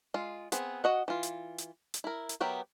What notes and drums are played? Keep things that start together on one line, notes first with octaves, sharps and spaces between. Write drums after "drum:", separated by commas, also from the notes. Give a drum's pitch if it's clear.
G#3 F4
B3 C4 G#4, drum: hi-hat
F#4 D#5 F#5
E3 F4
drum: hi-hat
drum: hi-hat
drum: hi-hat
E4 A#4
drum: hi-hat
F#3 B3 G4 A#4 E5